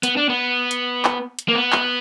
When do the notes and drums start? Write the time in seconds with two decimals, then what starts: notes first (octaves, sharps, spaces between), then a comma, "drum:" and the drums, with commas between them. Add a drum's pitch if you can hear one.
0.03 B3, drum: hi-hat
0.17 D4
0.29 B3
0.71 drum: hi-hat
1.05 drum: clap
1.39 drum: hi-hat
1.48 A#3
1.55 B3
1.72 drum: clap